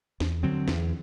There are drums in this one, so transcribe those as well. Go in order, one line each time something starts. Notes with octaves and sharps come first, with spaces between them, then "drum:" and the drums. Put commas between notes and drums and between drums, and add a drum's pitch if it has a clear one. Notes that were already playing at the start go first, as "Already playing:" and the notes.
E2, drum: snare
D3 F#3 C4
E2, drum: snare